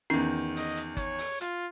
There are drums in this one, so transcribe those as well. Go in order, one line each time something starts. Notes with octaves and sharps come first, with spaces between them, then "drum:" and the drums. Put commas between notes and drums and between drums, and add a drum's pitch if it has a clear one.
E2 D#3 C#4
D#5, drum: open hi-hat
drum: hi-hat
C#5, drum: kick, hi-hat
drum: open hi-hat
F4, drum: hi-hat